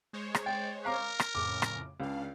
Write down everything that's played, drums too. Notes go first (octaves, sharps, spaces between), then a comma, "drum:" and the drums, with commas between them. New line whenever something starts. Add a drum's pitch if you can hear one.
G#3 C5 C#5
drum: rim click
D5 G5
A#4 F5 A#5 D6
drum: rim click
F2 A2 C#3 D6
drum: rim click
C#2 C#3 D4 F5